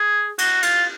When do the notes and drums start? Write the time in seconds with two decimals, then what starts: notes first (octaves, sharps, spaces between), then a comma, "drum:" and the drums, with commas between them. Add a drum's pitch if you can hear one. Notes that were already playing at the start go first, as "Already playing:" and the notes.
Already playing: G#4
0.38 F#4, drum: cymbal
0.63 F4, drum: cymbal